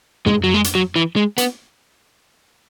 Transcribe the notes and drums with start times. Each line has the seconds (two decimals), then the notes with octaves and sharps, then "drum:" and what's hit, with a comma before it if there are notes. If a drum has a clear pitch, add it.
0.26 G#3, drum: tom
0.44 F#3
0.54 G#3
0.64 drum: hi-hat
0.75 F#3
0.96 E3
1.16 G#3
1.38 B3, drum: hi-hat